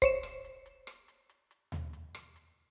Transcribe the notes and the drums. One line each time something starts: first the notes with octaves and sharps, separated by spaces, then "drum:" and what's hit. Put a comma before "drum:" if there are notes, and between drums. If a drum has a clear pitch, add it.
C5 C#5 E7, drum: kick, hi-hat
drum: rim click
drum: hi-hat
drum: hi-hat
drum: rim click
drum: hi-hat
drum: hi-hat
drum: hi-hat
drum: tom D#2
drum: hi-hat
drum: rim click
drum: hi-hat